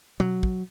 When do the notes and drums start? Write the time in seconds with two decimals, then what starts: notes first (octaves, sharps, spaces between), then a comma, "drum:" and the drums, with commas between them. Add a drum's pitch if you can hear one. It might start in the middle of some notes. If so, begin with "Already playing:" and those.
0.20 F#3, drum: tom B2
0.43 drum: kick